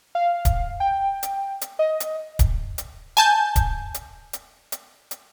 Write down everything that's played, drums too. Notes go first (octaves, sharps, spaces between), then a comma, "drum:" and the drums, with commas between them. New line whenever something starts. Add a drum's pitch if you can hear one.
F5
drum: kick D1, hi-hat
G5
drum: hi-hat
drum: hi-hat
D#5
drum: hi-hat
drum: kick D1, hi-hat
drum: hi-hat
G#5 A5 G6, drum: hi-hat
drum: kick D1, hi-hat
drum: hi-hat
drum: hi-hat
drum: hi-hat
drum: hi-hat